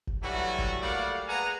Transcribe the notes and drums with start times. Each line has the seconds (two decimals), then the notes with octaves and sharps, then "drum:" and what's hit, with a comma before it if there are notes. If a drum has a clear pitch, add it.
0.07 drum: kick F#1
0.23 E3 F#3 G3 A3 F#4
0.59 drum: kick F#1
0.81 G3 A3 A#3 D5 F5 F#5
1.28 G#4 B4 F#5 G#5 A#5